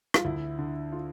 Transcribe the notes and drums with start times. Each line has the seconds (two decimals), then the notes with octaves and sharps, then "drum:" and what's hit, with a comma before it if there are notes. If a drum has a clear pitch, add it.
0.14 F4, drum: rim click
0.24 D2 E4
0.59 D3
0.92 F4